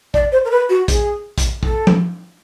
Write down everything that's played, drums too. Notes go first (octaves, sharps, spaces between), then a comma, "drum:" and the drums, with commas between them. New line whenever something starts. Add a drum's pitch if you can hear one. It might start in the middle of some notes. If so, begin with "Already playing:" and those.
D5, drum: kick
C5
A#4
B4
F#4
G#4, drum: kick, hi-hat
drum: kick, hi-hat
A4, drum: kick
drum: tom